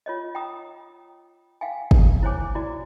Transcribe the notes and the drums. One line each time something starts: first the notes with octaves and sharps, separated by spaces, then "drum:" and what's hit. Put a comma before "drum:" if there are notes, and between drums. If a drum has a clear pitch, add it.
F4 C#5 D#5
G5 A#5 D#6
F5 G5 G#5
drum: kick
E4 C5 C#5 G#5 D6
E4 F#4 D5